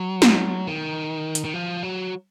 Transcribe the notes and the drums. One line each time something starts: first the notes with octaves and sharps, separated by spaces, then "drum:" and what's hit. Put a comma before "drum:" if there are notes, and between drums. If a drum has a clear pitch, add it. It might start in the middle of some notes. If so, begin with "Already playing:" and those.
Already playing: F#3
drum: snare
D#3
drum: hi-hat
D#3
F3
F#3